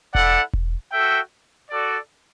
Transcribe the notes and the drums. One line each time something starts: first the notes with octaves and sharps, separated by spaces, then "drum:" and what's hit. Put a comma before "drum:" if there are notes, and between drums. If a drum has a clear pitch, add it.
E4 A4 D5 F#5, drum: kick E1
drum: kick E1
F#4 A4 E5 G5
F#4 A4 D5